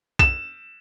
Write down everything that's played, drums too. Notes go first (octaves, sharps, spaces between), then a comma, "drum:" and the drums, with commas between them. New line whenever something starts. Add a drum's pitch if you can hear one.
E7, drum: kick B1